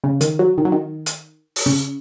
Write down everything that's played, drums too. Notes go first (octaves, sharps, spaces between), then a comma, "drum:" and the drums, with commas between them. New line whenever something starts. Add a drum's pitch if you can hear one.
C#3
D#3, drum: hi-hat
F#3
D#3
F#3
D#3
drum: hi-hat
drum: open hi-hat
C#3